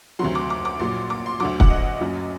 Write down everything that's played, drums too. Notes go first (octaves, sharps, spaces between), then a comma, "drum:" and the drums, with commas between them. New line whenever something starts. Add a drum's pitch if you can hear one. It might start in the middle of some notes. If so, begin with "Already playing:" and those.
D2 C3 D#3 F#3 C6
D6
D6
D6
A#1 A#2 F#3 C6
D6
C6
D2 D3 F#3 D6
F#5, drum: kick
D#5
F#1 F#2 F#3